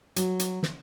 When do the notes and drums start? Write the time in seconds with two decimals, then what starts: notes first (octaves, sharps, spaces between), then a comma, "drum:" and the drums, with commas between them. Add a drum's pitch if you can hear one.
0.16 F#3, drum: hi-hat
0.39 drum: hi-hat
0.63 drum: snare